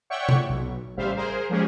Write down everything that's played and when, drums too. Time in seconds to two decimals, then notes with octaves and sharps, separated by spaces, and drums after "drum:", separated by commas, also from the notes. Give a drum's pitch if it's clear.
0.10 C#5 D5 E5 F#5 G5 C#6
0.29 drum: tom C3
0.49 B1
0.97 A1 C#3 G3 C5 E5 F5
1.17 G#4 A#4 C5
1.50 F3 G#3 A#3 C#4 G4 G#4